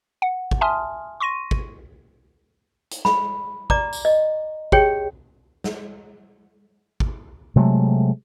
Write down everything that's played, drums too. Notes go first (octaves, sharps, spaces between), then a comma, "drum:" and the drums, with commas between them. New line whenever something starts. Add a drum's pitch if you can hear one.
F#5
drum: kick
E5 G#5 A5 C6 D#6 F6
C6 C#6 A#6 D#7
drum: kick
drum: hi-hat
B5, drum: snare
D5 A#5 D6, drum: kick
drum: tambourine
D#5
G4 G#4 C#5 G5, drum: kick
drum: snare
drum: kick
C3 F#3 G#3 A3